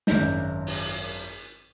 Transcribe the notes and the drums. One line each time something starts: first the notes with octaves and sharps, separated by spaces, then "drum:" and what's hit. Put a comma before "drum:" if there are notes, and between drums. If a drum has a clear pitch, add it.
G#1 F#2 D5 G6, drum: snare
drum: open hi-hat